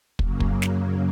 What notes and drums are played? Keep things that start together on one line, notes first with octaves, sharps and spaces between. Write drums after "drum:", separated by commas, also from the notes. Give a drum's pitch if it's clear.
F#2 C#3 F#3 A#3, drum: kick
drum: kick
drum: snare